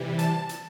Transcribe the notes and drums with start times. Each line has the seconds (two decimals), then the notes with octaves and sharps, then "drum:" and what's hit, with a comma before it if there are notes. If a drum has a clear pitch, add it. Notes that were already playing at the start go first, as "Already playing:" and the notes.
Already playing: C3 E3 G3
0.19 A5, drum: hi-hat
0.49 drum: hi-hat